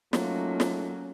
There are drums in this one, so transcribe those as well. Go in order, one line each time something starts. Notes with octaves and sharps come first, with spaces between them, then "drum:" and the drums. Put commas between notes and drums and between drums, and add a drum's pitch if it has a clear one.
F#3 A3 A#3 C#4 D#4 F4, drum: snare
drum: snare